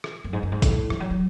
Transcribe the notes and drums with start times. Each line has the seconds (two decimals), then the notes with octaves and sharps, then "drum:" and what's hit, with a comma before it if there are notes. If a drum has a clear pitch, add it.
0.04 drum: rim click
0.24 F#2
0.33 G#2
0.43 F#2
0.52 G#2
0.62 A2, drum: kick, hi-hat
0.90 E3, drum: rim click
1.00 F#3
1.11 F#3